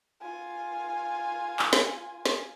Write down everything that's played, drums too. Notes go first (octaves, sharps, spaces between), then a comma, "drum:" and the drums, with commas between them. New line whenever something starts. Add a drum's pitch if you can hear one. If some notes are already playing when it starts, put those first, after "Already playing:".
F4 G#5
drum: clap
drum: snare
drum: snare